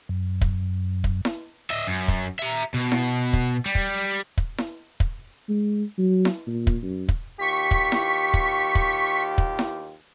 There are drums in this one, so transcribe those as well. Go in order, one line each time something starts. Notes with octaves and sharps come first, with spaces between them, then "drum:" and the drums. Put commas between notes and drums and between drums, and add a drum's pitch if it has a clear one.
F#2
drum: kick
drum: kick
drum: snare E4
D#5 E5
F#2
drum: kick
E5 A#5
B2
drum: snare E4
drum: kick
G3
drum: kick
drum: kick
drum: snare E4
drum: kick
G#3
F#3
drum: snare E4
A#2
drum: kick
F#2
drum: kick
D#2 F4 G4 C#6 B6
drum: kick
drum: snare E4
drum: kick
drum: kick
drum: kick
drum: snare E4